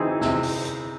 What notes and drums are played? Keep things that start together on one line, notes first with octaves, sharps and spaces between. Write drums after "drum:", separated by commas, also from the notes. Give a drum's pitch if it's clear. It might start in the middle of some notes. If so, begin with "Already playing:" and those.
Already playing: E3 C4 D#4 G#4
C3, drum: snare
drum: open hi-hat
drum: hi-hat